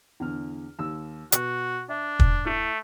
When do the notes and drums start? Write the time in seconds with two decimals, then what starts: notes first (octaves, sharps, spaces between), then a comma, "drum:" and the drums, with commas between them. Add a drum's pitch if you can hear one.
0.20 E2 D3 F6
0.79 D#2 E6
1.32 B2 F#4, drum: hi-hat
1.89 D4 E5
2.19 drum: kick
2.46 A3 E4